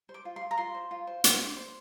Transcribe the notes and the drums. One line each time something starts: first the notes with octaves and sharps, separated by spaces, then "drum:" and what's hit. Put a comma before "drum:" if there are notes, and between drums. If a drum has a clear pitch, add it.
C5
D6
F4
C6
F4
A#5
F4 C6
C5
F4
C5
C5, drum: hi-hat
C5
C5